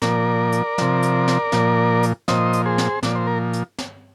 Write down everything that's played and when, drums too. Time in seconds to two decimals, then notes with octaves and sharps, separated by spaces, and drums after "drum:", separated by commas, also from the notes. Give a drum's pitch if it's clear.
0.02 A#2 F3 A#4 D5, drum: snare
0.52 drum: hi-hat
0.78 C3 F3, drum: snare
1.03 drum: hi-hat
1.28 drum: snare
1.52 A#2 F3, drum: snare
2.03 drum: hi-hat
2.28 A#2 F3 C5 D#5, drum: snare
2.53 drum: hi-hat
2.65 G#4 C5
2.78 drum: snare
3.03 A#2 F3 D5, drum: snare
3.15 C5
3.27 A#4
3.53 drum: hi-hat
3.78 drum: snare